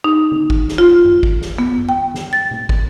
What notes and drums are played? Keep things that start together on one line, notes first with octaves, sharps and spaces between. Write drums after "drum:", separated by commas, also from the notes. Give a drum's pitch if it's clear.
D#4
drum: tom
drum: kick
drum: snare
F4
drum: tom F#2
drum: kick
drum: snare
B3
drum: tom F#2
G5
drum: snare
A6
drum: tom B2
drum: kick